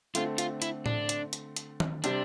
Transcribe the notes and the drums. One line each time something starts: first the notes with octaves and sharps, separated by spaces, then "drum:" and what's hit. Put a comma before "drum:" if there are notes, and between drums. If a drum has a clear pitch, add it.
D3 A3 C4 F4, drum: hi-hat
F4, drum: hi-hat
E4, drum: hi-hat
D4, drum: tom A2
drum: hi-hat
drum: hi-hat
drum: hi-hat
drum: tom D#3
C3 G3 C4 D4 G4, drum: hi-hat